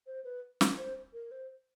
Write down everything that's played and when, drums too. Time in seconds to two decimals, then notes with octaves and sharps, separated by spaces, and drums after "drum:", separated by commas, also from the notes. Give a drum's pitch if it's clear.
0.07 C5
0.24 B4
0.61 drum: snare
0.78 C5
1.13 A#4
1.31 C5